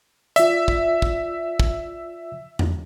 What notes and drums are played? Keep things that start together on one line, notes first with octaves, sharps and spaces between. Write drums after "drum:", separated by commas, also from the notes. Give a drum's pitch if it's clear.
F4 D5 E5, drum: hi-hat
drum: kick
drum: kick
drum: kick
drum: tom E2